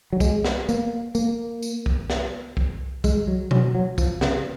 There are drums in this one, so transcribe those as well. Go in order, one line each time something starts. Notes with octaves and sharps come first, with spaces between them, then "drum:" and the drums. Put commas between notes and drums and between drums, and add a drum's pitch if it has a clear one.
F#3
G#3, drum: kick C2, tambourine
drum: snare
A#3, drum: tambourine
A#3, drum: tambourine
drum: tambourine
drum: kick C2
drum: snare
drum: kick C2
G#3, drum: kick C2, tambourine
F#3
F#3, drum: tom B2
F#3
F3, drum: kick C2, tambourine
C#3, drum: snare